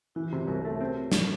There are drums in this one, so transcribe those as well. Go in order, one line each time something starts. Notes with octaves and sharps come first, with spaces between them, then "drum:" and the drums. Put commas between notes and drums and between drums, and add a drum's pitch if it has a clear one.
E3 E4 F#4
F4 G4
C3 F#4 G#4
B4 C#5
C2 A#4 C5
A3
C4
drum: snare